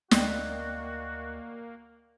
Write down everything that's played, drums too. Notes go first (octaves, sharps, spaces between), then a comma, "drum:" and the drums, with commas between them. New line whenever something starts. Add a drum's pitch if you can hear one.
D2 A#3 F#4 D5 D#5 G5, drum: snare